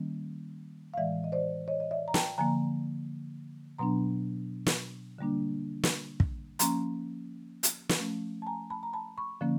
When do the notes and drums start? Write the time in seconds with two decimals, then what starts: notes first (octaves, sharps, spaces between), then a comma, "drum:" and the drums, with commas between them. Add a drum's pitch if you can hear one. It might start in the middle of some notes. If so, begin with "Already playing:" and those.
Already playing: D#3 G3 A#3 C#4
0.94 F5
0.97 A2 E3 G#3 D5 E5
1.24 D#5
1.32 C5 D5
1.68 C#5 D#5
1.80 D#5
1.91 D5 E5
2.08 A#5
2.14 G5 A5, drum: snare
2.38 D3 F3 A#3 G#5 A#5
3.78 B2 F#3 B3 D4 A#5 C6
4.66 drum: snare
5.18 D3 G3 A#3 D4
5.83 drum: snare
6.20 drum: kick
6.59 F3 A#3 C#4 A#5 C6, drum: hi-hat
7.63 drum: hi-hat
7.89 drum: snare
7.99 F3 A3 C#4
8.42 A5
8.46 G#5 A#5
8.70 A5 B5
8.83 A#5
8.93 A5 B5
9.18 B5 C#6
9.41 D3 F3 A#3 C#4